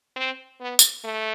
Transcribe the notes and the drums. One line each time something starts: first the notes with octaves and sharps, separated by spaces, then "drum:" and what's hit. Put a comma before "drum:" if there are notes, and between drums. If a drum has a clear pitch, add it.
C4
B3
drum: tambourine
A3